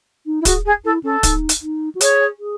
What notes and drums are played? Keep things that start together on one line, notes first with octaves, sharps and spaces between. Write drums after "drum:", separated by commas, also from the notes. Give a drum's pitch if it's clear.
D#4
E4
F#4 G#4, drum: kick, hi-hat
G#4
E4 A4
C#4 A4
D#4, drum: kick, hi-hat
drum: hi-hat
D#4
F#4
G#4 C#5, drum: hi-hat
G#4